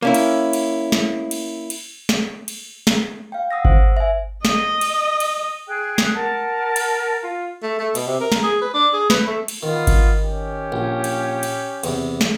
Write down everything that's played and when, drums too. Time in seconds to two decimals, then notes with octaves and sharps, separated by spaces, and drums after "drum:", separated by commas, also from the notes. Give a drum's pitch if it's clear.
0.02 A#3 C#4 E4
0.14 drum: cymbal
0.53 drum: cymbal
0.92 drum: snare
1.31 drum: cymbal
1.70 drum: cymbal
2.09 drum: snare
2.48 drum: cymbal
2.87 drum: snare
3.32 F5 G5
3.51 F#5 D#6 E6 A#6
3.65 C5, drum: kick G#1
3.97 E5 G#5
4.45 D#5, drum: snare
4.81 drum: cymbal
5.20 drum: cymbal
5.68 G#4 G5 F#6
5.98 drum: snare
6.14 A#4 F#5 A5
6.76 drum: cymbal
7.21 F4
7.63 A3
7.79 A3
7.95 B2, drum: cymbal
8.07 C3
8.21 A#4
8.32 drum: snare
8.43 G#4
8.62 B4
8.74 D4
8.93 G#4
9.10 B4, drum: snare
9.27 A3
9.48 drum: cymbal
9.63 D#3 B3 F4
9.87 drum: kick G#1, cymbal
10.22 C#4 G4
10.72 A#1
11.04 drum: cymbal
11.43 drum: cymbal
11.84 E2 C3, drum: cymbal
12.21 drum: snare